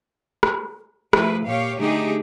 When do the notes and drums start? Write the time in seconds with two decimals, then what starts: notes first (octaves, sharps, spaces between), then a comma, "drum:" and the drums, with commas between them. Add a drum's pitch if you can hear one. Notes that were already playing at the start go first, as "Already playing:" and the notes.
0.43 drum: rim click
1.13 F3 A3 E4 B4, drum: rim click
1.47 A#2 G4 C#5 F5
1.80 D3 A3 D#4 G4 G#4